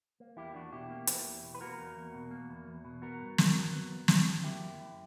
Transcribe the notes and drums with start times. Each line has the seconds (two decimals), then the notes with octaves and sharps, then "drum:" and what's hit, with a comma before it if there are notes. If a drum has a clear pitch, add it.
0.20 A#3
0.37 E2 E4 G4
0.54 E2 D4 F#4
0.72 B2 E4 G4
0.90 A#3
1.07 E2, drum: hi-hat
1.26 E2
1.43 B2
1.55 B4
1.61 A#3 F#4 A#4
1.78 E2
1.97 E2
2.14 B2
2.31 A#3
2.50 E2
2.67 E2
2.85 B2
3.02 B3 F#4 A#4
3.20 G2
3.38 G2, drum: snare
3.55 F#3
3.73 B3
3.91 G2
4.08 G2, drum: snare
4.27 F#3
4.44 A#3 E4 G4
4.61 F#2
4.80 F#2